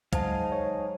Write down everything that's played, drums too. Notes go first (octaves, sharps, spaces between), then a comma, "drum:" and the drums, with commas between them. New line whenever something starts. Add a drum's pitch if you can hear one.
F#3 G#3 D#4 G#4 C5 F5 A5, drum: kick, hi-hat
C#5